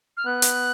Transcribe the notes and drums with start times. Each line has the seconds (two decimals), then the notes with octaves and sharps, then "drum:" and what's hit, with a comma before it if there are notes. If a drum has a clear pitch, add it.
0.17 F6
0.26 B3 F#6
0.42 drum: hi-hat